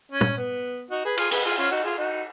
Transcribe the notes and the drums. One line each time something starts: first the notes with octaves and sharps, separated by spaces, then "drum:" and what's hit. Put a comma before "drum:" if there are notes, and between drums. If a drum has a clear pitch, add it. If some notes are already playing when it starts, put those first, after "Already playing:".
C#4
drum: tom
B3
D#4 F#4
G#4 B4
F4 G#4, drum: cymbal
G#4 B4, drum: cymbal
F4 G#4
C#4 F4
D#4 F#4
F4 G#4
D#4 F#4